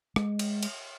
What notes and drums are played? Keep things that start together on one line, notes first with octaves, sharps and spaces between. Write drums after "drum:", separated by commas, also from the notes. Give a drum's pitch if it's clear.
G#3, drum: rim click
drum: cymbal
drum: cymbal